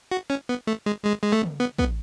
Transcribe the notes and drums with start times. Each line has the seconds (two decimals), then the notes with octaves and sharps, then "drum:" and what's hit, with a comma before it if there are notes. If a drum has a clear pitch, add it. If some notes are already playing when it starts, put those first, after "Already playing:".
0.12 F#4
0.30 C#4
0.49 B3
0.67 A3
0.86 G#3
1.04 G#3
1.22 G#3
1.32 A3
1.43 drum: tom
1.60 B3
1.78 B3, drum: kick